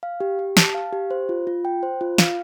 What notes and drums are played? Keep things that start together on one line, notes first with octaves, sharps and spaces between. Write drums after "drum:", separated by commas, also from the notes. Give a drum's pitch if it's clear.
F5
G4
G4
A5, drum: snare
F5
G4
C5
F4
F4
G5
C5
F4
F5, drum: snare